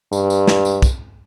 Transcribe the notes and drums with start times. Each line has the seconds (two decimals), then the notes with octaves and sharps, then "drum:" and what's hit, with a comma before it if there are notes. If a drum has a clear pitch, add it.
0.13 G2, drum: tambourine
0.30 drum: tambourine
0.48 drum: snare
0.65 drum: tambourine
0.82 drum: kick, tambourine